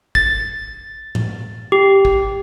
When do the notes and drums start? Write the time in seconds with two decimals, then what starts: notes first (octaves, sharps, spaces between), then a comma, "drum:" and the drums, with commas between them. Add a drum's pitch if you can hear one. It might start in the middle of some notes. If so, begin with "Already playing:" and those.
0.15 A6, drum: kick
1.15 drum: tom A2
1.72 G4
2.05 drum: kick